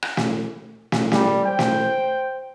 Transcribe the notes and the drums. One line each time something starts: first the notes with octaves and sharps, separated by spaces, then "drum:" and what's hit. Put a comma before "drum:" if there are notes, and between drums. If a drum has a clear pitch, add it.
drum: rim click
drum: snare
drum: snare
G3, drum: snare
C5 G5
drum: snare